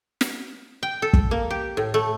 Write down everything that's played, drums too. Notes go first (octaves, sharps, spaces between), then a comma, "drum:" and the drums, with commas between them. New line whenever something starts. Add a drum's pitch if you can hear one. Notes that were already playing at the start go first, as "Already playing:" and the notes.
drum: snare
G5
A4
drum: kick
A#3
G4
A2
A3